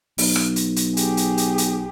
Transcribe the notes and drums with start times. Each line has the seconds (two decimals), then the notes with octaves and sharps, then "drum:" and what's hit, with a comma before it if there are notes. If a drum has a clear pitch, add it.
0.18 B1, drum: open hi-hat
0.36 drum: rim click
0.56 drum: hi-hat
0.76 drum: hi-hat
0.97 G4 G#4, drum: hi-hat
1.17 drum: hi-hat
1.37 drum: hi-hat
1.58 drum: hi-hat